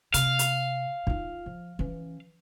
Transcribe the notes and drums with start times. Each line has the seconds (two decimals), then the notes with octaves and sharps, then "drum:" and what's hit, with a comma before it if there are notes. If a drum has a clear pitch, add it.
0.14 C3 F5, drum: hi-hat
0.39 drum: hi-hat
1.07 D#4 F4, drum: kick
1.46 F3
1.79 E3 C#4